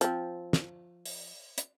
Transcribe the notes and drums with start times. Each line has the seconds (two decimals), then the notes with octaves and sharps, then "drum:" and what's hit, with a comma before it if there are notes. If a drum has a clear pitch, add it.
0.01 F3 C4, drum: hi-hat
0.53 drum: snare
1.05 drum: open hi-hat
1.58 drum: hi-hat